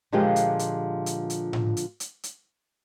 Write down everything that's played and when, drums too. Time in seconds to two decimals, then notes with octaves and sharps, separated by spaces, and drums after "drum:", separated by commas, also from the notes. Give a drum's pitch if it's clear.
0.12 A#2 D3 F3 G#3 F4 G4
0.36 drum: hi-hat
0.59 drum: hi-hat
1.06 drum: hi-hat
1.30 drum: hi-hat
1.53 drum: tom A2
1.77 drum: hi-hat
2.00 drum: hi-hat
2.23 drum: hi-hat